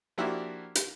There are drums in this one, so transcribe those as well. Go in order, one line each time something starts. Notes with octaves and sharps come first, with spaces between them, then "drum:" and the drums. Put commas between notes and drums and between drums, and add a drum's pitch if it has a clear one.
F3 A#3 D4 E4 F#4 G4
drum: hi-hat